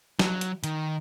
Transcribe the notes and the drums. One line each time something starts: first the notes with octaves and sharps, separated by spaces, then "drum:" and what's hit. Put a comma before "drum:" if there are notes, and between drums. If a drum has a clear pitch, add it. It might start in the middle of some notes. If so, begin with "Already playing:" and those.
F#3, drum: snare
drum: hi-hat
D#3, drum: hi-hat